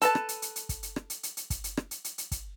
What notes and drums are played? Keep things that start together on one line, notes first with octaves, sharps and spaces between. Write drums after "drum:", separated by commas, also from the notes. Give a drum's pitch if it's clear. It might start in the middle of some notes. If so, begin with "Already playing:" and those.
A4 B4 A5, drum: hi-hat
drum: rim click
drum: hi-hat
drum: hi-hat
drum: hi-hat
drum: kick, hi-hat
drum: hi-hat
drum: rim click
drum: hi-hat
drum: hi-hat
drum: hi-hat
drum: kick, hi-hat
drum: hi-hat
drum: rim click
drum: hi-hat
drum: hi-hat
drum: hi-hat
drum: kick, hi-hat